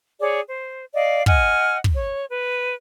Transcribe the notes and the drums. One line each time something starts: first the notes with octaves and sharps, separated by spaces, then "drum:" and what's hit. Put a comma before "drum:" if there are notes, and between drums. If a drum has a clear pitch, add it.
G#4 C#5 D5
C5
D5 D#5 F5
D#5 F#5 G#5 F6, drum: kick
drum: kick
C#5
B4